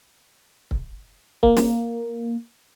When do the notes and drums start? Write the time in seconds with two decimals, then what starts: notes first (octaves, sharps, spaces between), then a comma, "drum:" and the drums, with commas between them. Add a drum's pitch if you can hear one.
0.71 drum: kick C#1
1.43 A#3, drum: kick C#1
1.57 drum: snare